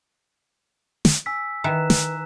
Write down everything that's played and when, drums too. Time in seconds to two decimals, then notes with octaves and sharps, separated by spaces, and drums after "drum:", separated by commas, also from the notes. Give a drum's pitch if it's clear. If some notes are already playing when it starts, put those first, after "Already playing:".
1.05 drum: snare
1.26 G#5 E6 B6
1.64 D#3 E3 A#5 F#6 E7
1.90 drum: snare